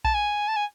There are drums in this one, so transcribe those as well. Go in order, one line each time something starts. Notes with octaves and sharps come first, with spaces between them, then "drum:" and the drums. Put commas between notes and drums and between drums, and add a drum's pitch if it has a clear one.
A5, drum: kick A#1
G#5
A5
G#5